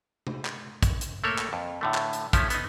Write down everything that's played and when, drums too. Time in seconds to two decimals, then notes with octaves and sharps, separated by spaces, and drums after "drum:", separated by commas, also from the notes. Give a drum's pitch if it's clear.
0.27 drum: tom C3
0.45 drum: clap
0.83 drum: kick, hi-hat
1.01 drum: hi-hat
1.24 A3 A#3 A4 A#4 C#5
1.38 drum: clap
1.53 F2
1.81 A2 D3 A3
1.94 drum: clap
2.13 drum: hi-hat
2.33 F3 A3 C#4 E4, drum: kick, hi-hat
2.50 B3 D#4, drum: hi-hat